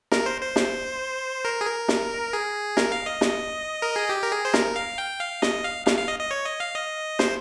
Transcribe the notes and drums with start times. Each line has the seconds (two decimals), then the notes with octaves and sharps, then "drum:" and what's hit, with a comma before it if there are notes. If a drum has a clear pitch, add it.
0.12 A#4, drum: snare
0.26 C5
0.41 C5
0.56 drum: snare
1.45 A#4
1.61 G#4
1.66 A#4
1.88 drum: snare
2.33 G#4
2.77 A#4, drum: snare
2.92 F5
3.06 D#5
3.21 drum: snare
3.82 A#4
3.96 G#4
4.09 G4
4.23 A#4
4.32 G#4
4.45 C5
4.54 A#4, drum: snare
4.76 F5
4.98 G5
5.20 F5
5.42 D#5, drum: snare
5.64 F5
5.87 F5, drum: snare
5.98 F5
6.08 D#5
6.19 D#5
6.31 C#5
6.45 D#5
6.60 F5
6.75 D#5
7.19 C5, drum: snare